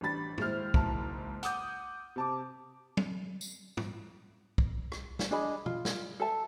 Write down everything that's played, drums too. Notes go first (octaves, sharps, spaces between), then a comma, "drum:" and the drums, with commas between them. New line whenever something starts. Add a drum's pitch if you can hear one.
A1 G3 D4 B5 A6
D#2 G#3 E4 C5 F6, drum: tom
F#1 G#2 E4 A5, drum: kick B1
F#5 D6 D#6 G6, drum: hi-hat
C3 A5 D6
drum: tom
drum: tambourine
drum: tom
drum: kick B1
drum: rim click
drum: snare
D4 G#4 D#5 B5
F4, drum: tom
drum: snare
A4 E5 A5